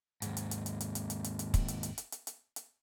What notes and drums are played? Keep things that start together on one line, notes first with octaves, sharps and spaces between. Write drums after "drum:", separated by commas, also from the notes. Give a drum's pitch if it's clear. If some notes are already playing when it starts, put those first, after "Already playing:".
D#2 G#2, drum: hi-hat
drum: hi-hat
drum: hi-hat
drum: hi-hat
drum: hi-hat
drum: hi-hat
drum: hi-hat
drum: hi-hat
drum: hi-hat
drum: kick, hi-hat
drum: hi-hat
drum: hi-hat
drum: hi-hat
drum: hi-hat
drum: hi-hat
drum: hi-hat